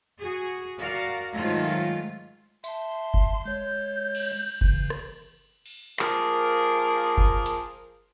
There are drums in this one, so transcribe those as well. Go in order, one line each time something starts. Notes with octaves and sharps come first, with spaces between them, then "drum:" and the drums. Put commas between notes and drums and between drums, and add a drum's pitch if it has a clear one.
F#4 G#4
F#4 A#4 D5 F5
G#2 D#3 F#3 A3 F4
E5 A5 C6, drum: tambourine
drum: kick F#1
G#3 C#5 G6
drum: cymbal
C#3 E3, drum: kick F#1
drum: rim click
drum: cymbal
F3 A#3 G#4 A#4, drum: clap
drum: kick F#1
drum: hi-hat